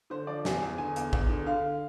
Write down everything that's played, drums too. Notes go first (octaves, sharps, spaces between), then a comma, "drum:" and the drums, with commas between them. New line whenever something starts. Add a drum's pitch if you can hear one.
D3 C5
F3 D5
E2 G#5, drum: snare
E2 G#5
D3 G#5
E2, drum: hi-hat
E2, drum: kick
D3
D3 F5